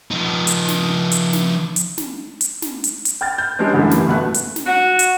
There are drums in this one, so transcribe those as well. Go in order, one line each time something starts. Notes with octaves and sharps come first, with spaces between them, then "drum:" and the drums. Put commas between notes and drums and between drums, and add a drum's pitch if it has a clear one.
F3 D#4
drum: hi-hat
drum: snare
drum: hi-hat
drum: snare
drum: hi-hat
drum: snare
drum: hi-hat
drum: snare
drum: hi-hat
drum: hi-hat
G5 F6 A6
G6
G3 G#3 C#4 D4
F#2 D3 E3 G3 A3 D4
E3 A#3, drum: snare
G1 B2 A3 F#6
drum: hi-hat
drum: snare
F#4
drum: hi-hat